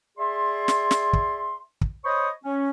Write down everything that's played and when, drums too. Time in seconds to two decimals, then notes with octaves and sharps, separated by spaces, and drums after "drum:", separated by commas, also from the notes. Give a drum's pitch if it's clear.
0.18 G#4 D5 E5 C6
0.68 drum: snare
0.91 drum: snare
1.13 drum: kick
1.81 drum: kick
2.04 C5 C#5 D#5 B5 C#6 D#6
2.43 C#4